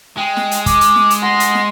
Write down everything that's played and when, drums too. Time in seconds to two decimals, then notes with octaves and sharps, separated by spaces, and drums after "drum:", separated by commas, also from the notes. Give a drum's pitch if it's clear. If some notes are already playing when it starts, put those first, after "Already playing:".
0.18 G#3 G5
0.37 drum: snare
0.51 drum: hi-hat
0.66 D6, drum: kick, hi-hat
0.81 drum: hi-hat
0.96 drum: snare
1.10 drum: hi-hat
1.22 F#5 C6 A#6
1.40 drum: hi-hat
1.55 drum: snare